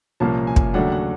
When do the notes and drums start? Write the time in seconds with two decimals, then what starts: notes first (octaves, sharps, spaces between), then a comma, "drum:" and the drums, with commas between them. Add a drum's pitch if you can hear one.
0.20 C2 A#2 F3 A#3 C#4 A5
0.47 G#5
0.56 drum: kick
0.74 D#2 C#3 F#3 A3 D4 F#5
0.92 F#5